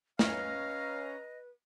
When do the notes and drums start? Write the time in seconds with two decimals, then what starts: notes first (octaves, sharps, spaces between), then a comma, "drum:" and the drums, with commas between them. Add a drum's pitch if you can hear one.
0.19 C#4 B4 D#5 F5 A#5, drum: snare